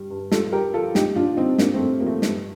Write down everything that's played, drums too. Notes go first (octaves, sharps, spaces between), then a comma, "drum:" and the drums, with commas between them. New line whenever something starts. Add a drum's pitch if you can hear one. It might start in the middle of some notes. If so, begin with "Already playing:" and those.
Already playing: G2 G3
G2
G2 F4 A4, drum: snare
G2 G4 A#4
F3 F4 A4
A#2 D#4 G4, drum: snare
A#2 D4 F4
G3 C4 D#4
A2 A#3 D4, drum: snare
A3 C4
A2
F3 A#3
A3
G2, drum: snare